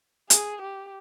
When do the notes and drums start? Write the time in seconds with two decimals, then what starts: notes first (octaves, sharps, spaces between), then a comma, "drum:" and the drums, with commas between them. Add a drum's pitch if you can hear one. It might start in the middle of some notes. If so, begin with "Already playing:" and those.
0.30 G#4, drum: hi-hat
0.62 G4